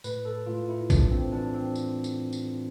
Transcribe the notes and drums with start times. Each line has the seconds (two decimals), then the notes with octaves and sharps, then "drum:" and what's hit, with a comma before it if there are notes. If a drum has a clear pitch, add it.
0.04 A2 B4, drum: tambourine
0.25 A4
0.46 A2 F4
0.69 E4
0.90 E3 D4, drum: kick A#1, tambourine
1.11 C4
1.32 E3 D4
1.54 C4
1.75 drum: tambourine
2.04 drum: tambourine
2.33 drum: tambourine